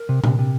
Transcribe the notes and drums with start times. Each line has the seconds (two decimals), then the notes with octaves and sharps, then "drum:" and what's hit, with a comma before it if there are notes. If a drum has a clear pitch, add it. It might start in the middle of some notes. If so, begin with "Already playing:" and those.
Already playing: A#4
0.09 C3
0.24 C3, drum: tom A#2
0.39 C3